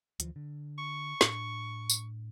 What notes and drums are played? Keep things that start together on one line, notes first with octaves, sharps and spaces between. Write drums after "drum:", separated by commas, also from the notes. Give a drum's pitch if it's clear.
D2 E3 F3, drum: hi-hat
D3
C#6
A2 D4, drum: snare
drum: tambourine